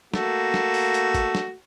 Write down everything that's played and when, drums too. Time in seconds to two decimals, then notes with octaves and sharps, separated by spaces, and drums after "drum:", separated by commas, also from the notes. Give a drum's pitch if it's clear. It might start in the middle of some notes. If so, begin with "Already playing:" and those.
0.14 A3 A#3 F#4, drum: snare
0.54 drum: snare
0.74 drum: open hi-hat
0.94 drum: hi-hat
1.14 drum: kick, hi-hat
1.35 drum: snare